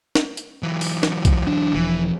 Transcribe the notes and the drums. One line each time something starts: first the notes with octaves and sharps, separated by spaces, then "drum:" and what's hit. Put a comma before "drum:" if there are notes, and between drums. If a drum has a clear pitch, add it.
drum: snare
drum: hi-hat
E3 F#3
drum: open hi-hat
drum: snare
drum: kick B1, hi-hat
D4
E1 E3 F3